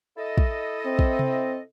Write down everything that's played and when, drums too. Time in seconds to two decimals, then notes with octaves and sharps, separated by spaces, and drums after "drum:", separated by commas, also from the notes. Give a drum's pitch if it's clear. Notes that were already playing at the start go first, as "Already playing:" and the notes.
0.17 E4 A4 D#5
0.38 drum: kick
0.86 C4
0.99 drum: kick
1.19 drum: tom C3